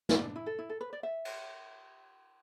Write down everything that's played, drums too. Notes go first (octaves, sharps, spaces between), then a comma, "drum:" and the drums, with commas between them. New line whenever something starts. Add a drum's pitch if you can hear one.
D5, drum: snare
D4
E4
A4
E4
A4
B4
D5
E5
drum: cymbal